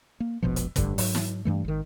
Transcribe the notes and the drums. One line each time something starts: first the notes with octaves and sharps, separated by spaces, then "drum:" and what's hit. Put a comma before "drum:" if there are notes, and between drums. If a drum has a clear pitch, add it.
A#3
E1 A#1 B2 F3
drum: hi-hat
F1 G2 D3, drum: kick, hi-hat
G#2 F#3, drum: open hi-hat
drum: snare
G2 E3 A3
G#1 D#3